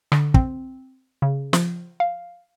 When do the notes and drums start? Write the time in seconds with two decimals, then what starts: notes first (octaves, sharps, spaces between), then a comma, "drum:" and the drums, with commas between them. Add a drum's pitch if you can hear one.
0.12 D3, drum: rim click
0.34 C4, drum: kick
1.22 C#3
1.53 F3, drum: snare
2.00 F5